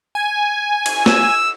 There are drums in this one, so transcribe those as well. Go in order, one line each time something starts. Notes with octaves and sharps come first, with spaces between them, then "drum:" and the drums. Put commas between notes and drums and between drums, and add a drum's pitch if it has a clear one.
G#5
drum: cymbal
E6, drum: snare